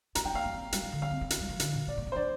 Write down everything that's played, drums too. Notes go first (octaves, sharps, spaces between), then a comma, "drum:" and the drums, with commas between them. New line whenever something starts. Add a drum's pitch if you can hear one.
C4 A#5, drum: hi-hat
D4 G5
C4 F5
A#3
C4
G3, drum: hi-hat
F3
D3
A#3 F5
C4
C4
drum: hi-hat
G3
F3
D3, drum: hi-hat
A#2
C4 D5
A#3
C4
C5
D4 D5